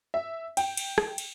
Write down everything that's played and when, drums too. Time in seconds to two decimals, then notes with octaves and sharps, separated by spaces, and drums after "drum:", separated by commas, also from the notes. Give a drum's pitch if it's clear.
0.14 E5
0.57 G5, drum: cymbal
0.77 drum: cymbal
0.98 drum: rim click
1.18 drum: cymbal